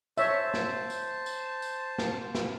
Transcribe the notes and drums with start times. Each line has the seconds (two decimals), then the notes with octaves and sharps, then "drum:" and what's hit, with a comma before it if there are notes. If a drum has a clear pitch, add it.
0.18 C5 C#5 E5 A5, drum: tambourine
0.54 drum: snare
0.90 drum: tambourine
1.26 drum: tambourine
1.62 drum: tambourine
1.98 drum: snare
2.35 drum: snare